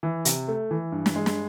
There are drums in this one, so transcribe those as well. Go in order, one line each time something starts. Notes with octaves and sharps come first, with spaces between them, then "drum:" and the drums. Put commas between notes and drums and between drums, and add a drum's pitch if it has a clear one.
E3
C3, drum: hi-hat
A3
E3
G2
drum: snare
G#3
drum: snare